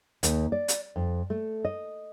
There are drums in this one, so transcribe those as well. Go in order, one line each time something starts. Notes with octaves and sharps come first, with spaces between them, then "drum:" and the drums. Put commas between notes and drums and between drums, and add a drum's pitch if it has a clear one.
D#2, drum: hi-hat
D5
drum: hi-hat
F2
A3
D#5